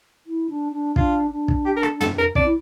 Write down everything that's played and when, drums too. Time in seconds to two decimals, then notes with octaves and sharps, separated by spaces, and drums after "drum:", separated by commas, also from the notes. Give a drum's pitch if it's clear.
0.26 E4
0.50 D4
0.72 D4
0.96 D4 F4, drum: kick
1.31 D4
1.48 drum: kick
1.65 G4
1.77 A#4
1.83 A4, drum: rim click
2.01 A4, drum: tom
2.18 A#4
2.35 C4 D5, drum: kick
2.45 E4